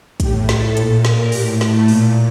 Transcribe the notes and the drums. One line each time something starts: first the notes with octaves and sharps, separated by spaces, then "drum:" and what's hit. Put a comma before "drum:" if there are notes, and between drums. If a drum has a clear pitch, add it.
A2 G4, drum: kick, hi-hat
A4, drum: snare
A#2, drum: hi-hat
A#4, drum: snare
A2 G4, drum: open hi-hat
A3, drum: snare
A#2 A#3, drum: open hi-hat